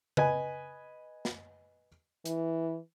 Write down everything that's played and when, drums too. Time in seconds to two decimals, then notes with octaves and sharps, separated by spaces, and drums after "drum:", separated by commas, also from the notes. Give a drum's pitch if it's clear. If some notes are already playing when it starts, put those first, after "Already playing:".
0.17 B4 D#5 G#5, drum: tom C#3
1.25 drum: snare
2.25 E3, drum: hi-hat